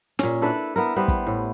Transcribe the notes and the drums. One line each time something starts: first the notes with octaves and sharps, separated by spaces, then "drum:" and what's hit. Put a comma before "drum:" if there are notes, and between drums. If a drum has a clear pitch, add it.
A#2 C#4, drum: snare
D4 E4 A4 B4
B3 E4 A#4
G3 B3 C5
drum: kick
A2